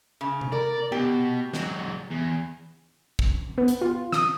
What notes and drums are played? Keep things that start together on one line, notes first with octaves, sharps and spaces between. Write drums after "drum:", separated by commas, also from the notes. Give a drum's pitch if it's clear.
C#3
drum: tom C3
A#4 D5
B2 G4
F#3 G#3, drum: snare
E2
drum: kick
B3
drum: hi-hat
F4
D#6, drum: snare